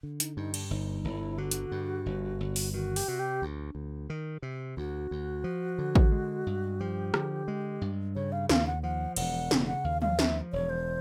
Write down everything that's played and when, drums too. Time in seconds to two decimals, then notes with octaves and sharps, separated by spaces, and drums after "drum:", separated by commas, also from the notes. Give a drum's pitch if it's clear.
0.03 D3
0.20 D#4, drum: hi-hat
0.36 G2 D#4
0.54 D4, drum: cymbal
0.71 G1 D#4
1.04 G1 E4
1.38 D3 F#4
1.51 drum: hi-hat
1.72 G2
2.06 G1
2.40 G1
2.56 drum: open hi-hat
2.73 D#3 F#4
2.96 G4, drum: open hi-hat
3.08 C3 F#4
3.19 G4
3.42 D2
3.75 D2
4.10 D#3
4.42 C3
4.77 D2 F#4
5.11 D2
5.44 F3
5.78 D3
5.95 drum: kick A1
6.12 G#3
6.46 G2
6.80 F3 G4
7.14 D3, drum: rim click
7.48 G#3
7.81 G2
8.15 C#3 C#5
8.32 F5
8.49 D#2 F5, drum: snare
8.67 F#5
8.83 F3 F#5
9.16 E1 F#5, drum: cymbal
9.51 C#3, drum: snare
9.67 F#5
9.84 D#2 F5
10.02 F5, drum: tom
10.19 F3 E5, drum: snare
10.53 E1 C#5
10.70 C5